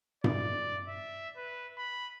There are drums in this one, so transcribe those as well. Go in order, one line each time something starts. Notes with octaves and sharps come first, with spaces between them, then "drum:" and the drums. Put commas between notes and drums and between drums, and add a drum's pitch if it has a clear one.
D5, drum: tom G2
E5
B4
B5